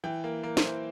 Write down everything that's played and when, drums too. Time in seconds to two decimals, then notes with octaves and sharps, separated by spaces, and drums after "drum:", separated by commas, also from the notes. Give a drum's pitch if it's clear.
0.04 E3 G5
0.24 A#3
0.43 A#3
0.57 C5, drum: snare
0.63 E3